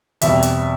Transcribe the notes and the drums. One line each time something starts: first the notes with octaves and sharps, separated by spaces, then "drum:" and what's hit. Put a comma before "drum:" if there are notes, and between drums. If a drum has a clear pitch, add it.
E2 B2 G3 C4 E5, drum: hi-hat
drum: hi-hat